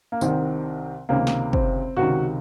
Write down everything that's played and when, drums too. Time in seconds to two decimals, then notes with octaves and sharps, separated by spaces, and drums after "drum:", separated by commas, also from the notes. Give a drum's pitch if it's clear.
0.12 A#3
0.21 C2 C3 D#3 C4, drum: tambourine
1.09 C#2 C3 D#3 A#3
1.27 drum: snare
1.53 C4, drum: kick
1.97 C#2 C3 D#3 F#4